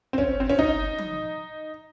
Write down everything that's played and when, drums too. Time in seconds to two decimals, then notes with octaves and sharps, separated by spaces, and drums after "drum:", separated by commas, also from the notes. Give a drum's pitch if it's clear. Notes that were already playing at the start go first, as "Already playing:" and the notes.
0.13 C4
0.18 C#4, drum: kick
0.40 C4
0.50 C#4
0.59 D#4, drum: kick
0.98 drum: tom F3